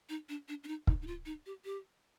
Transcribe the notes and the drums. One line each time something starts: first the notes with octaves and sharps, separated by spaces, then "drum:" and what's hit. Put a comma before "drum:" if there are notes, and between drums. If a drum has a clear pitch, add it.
D#4
D4
D4
D4
D#4
D#4, drum: kick
D#4
F4
D#4
G4
G4